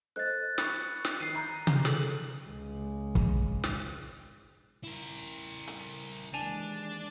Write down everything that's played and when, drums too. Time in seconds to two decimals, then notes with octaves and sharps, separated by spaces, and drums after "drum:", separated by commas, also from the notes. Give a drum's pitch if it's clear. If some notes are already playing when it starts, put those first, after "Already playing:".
0.16 A4 C5 D#5 F#6 A6
0.58 B5 C#6 C#7, drum: snare
1.05 drum: snare
1.20 D#3 C7 D#7
1.35 A#5 B5 G6
1.67 drum: tom C3
1.85 G#4 A4 F#7, drum: snare
2.47 C#2 G#3
3.15 drum: kick
3.64 drum: snare
4.84 E4 A#4
5.68 drum: hi-hat
6.34 D#2 E3 G#3 D4 G#5 A5 F7